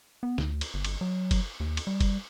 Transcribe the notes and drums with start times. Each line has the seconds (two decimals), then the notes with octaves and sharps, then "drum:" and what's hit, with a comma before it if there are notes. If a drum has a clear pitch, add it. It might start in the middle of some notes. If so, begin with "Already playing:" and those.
0.23 B3
0.38 D2, drum: snare D3
0.61 drum: cymbal
0.74 G1
0.85 drum: cymbal
1.01 F#3
1.31 drum: kick F#1, cymbal
1.60 D#2
1.77 drum: cymbal
1.87 G3
2.01 drum: kick F#1, cymbal